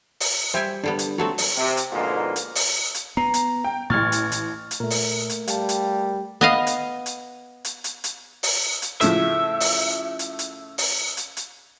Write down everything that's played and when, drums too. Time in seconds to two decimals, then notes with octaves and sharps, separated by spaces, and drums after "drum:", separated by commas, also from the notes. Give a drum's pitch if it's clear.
0.20 drum: open hi-hat
0.54 G3 C5 E5 G5 G#5
0.84 D3 G3 B3 D4
0.99 drum: hi-hat
1.18 F#3 A3 C4 F#4 A5
1.38 drum: open hi-hat
1.56 C3
1.77 drum: hi-hat
1.92 F2 G#2 B2 D3 A#3 F4
2.36 drum: hi-hat
2.55 drum: open hi-hat
2.95 drum: hi-hat
3.17 B3 A#5 C7
3.34 drum: hi-hat
3.64 G5
3.90 A1 A2 C#6 F6 G#6 A6
4.12 drum: hi-hat
4.32 drum: hi-hat
4.71 drum: hi-hat
4.80 A#2 A3 A#4
4.90 drum: open hi-hat
5.30 drum: hi-hat
5.48 G3 F5 G5 A5, drum: hi-hat
5.69 drum: hi-hat
6.41 B3 D#5 F5
6.67 drum: hi-hat
7.06 drum: hi-hat
7.65 drum: hi-hat
7.84 drum: hi-hat
8.04 drum: hi-hat
8.43 drum: open hi-hat
8.82 drum: hi-hat
9.01 A2 C#3 F3 E5, drum: hi-hat
9.60 drum: open hi-hat
10.19 drum: hi-hat
10.39 drum: hi-hat
10.78 drum: open hi-hat
11.17 drum: hi-hat
11.37 drum: hi-hat